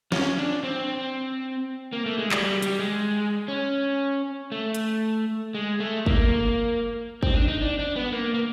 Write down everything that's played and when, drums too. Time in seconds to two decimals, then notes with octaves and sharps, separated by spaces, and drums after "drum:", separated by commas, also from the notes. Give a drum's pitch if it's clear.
0.12 C#4, drum: snare
0.39 D4
0.64 C4
1.93 A#3
2.06 A3
2.18 G#3
2.31 G3, drum: clap
2.44 G3
2.62 G3, drum: hi-hat
2.79 G#3
3.48 C#4
4.52 A3
4.74 drum: hi-hat
5.55 G#3
5.80 A3
6.06 A#3, drum: kick
7.23 C4, drum: kick
7.35 D4
7.48 D#4
7.62 D4
7.79 D4
7.96 B3
8.12 A#3
8.34 A#3